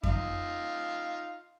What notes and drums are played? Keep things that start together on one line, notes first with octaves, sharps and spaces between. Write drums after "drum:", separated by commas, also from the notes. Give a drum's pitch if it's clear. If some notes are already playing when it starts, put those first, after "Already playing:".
D#4 F4 F5, drum: kick F2